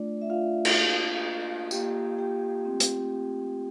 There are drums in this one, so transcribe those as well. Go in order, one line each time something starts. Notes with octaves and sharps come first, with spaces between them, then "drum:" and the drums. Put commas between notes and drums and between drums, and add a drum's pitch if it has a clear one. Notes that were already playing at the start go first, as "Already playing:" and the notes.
Already playing: A3 D4 F4 D5
E5
F4 F5
drum: cymbal
A#3 D4 F4
A#3 F4 G4 G5, drum: tambourine
G4 G5
A3 C4 F4
drum: hi-hat